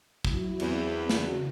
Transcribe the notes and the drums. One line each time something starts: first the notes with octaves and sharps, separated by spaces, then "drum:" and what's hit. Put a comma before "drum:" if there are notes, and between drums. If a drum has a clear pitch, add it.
F#3 E4 F#4, drum: kick
E2 C4 B5, drum: cymbal
C#3 E3 F#4, drum: snare